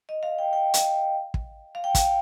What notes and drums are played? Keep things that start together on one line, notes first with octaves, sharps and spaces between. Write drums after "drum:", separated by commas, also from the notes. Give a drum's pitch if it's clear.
D#5
F5
G5
G5
drum: hi-hat
drum: kick
F5
G5
F5, drum: kick, hi-hat